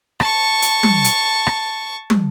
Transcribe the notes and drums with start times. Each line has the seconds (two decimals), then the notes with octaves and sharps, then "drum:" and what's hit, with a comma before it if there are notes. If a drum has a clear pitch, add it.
0.20 A5 C#6, drum: rim click
0.62 drum: hi-hat
0.83 drum: tom
1.04 drum: hi-hat
1.47 drum: rim click
2.10 drum: tom